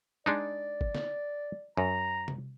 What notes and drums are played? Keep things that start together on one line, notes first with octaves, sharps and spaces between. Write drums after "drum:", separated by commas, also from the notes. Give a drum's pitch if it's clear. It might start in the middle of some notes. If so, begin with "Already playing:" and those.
G#3 D4 D#4 D5
drum: kick
drum: snare
F#2 A#5
drum: tom C3